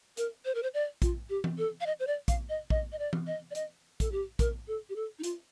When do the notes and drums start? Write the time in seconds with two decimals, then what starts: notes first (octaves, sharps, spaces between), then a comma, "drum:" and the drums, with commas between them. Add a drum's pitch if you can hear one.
0.17 A#4, drum: hi-hat
0.45 C5
0.55 A#4
0.63 C5
0.74 D5
1.02 F4, drum: kick A#1, hi-hat
1.30 G4
1.44 drum: tom E3
1.58 A4
1.81 F5
1.86 D#5
2.00 C5
2.07 D5
2.28 F5, drum: kick A#1, hi-hat
2.49 D#5
2.70 D#5, drum: kick A#1
2.92 D#5
2.99 D5
3.13 drum: tom E3
3.27 D#5
3.51 D5
3.55 D#5, drum: hi-hat
4.00 A4, drum: kick A#1, hi-hat
4.12 G4
4.39 A#4, drum: kick A#1, hi-hat
4.68 A4
4.89 G4
4.96 A4
5.19 D#4
5.23 F4, drum: hi-hat